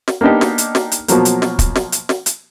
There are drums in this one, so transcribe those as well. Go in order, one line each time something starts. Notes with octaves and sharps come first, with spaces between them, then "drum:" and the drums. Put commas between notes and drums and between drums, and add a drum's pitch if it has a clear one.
drum: snare
A#3 B3 D4 D#4 G4
drum: snare
drum: hi-hat
drum: snare
drum: hi-hat
B2 F3 F#3 A#3, drum: hi-hat
drum: hi-hat
drum: snare
drum: kick, hi-hat
drum: snare
drum: hi-hat
drum: snare
drum: hi-hat